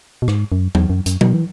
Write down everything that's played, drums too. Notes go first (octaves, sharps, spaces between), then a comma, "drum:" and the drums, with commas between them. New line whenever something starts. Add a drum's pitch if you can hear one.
B2
G#2, drum: rim click
F#2
E2, drum: tom F#3
F#2
F#2, drum: hi-hat
B2, drum: tom F#3
E3